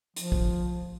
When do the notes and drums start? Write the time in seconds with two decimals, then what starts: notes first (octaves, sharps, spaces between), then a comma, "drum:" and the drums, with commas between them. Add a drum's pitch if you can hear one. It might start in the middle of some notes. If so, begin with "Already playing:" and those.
0.16 F3, drum: hi-hat
0.32 drum: kick